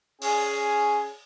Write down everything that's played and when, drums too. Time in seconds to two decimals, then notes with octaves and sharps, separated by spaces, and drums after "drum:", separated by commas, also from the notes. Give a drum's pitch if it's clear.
0.21 C#4 G#4, drum: open hi-hat